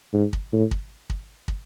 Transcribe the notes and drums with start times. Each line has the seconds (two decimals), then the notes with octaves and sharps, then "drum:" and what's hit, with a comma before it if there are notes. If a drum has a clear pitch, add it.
0.13 G#2
0.33 drum: kick
0.53 A2
0.71 drum: kick
1.10 drum: kick
1.48 drum: kick